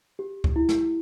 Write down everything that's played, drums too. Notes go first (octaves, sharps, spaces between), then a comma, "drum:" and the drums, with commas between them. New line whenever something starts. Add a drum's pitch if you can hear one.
G4
drum: kick C#2
E4
drum: snare